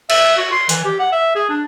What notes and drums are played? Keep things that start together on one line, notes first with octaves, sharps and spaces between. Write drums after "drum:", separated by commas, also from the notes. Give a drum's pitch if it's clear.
E5, drum: cymbal
F#4
C6
E3, drum: hi-hat
G4
F#5
E5
G#4
D4